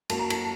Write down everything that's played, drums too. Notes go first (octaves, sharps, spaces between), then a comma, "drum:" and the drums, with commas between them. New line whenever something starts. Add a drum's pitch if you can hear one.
F#2 F#3 A#3 F#4 A5, drum: cymbal
A#5
A5, drum: cymbal